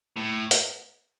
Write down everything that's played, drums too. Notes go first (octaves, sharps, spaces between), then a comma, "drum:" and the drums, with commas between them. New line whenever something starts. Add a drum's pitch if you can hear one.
A2
drum: hi-hat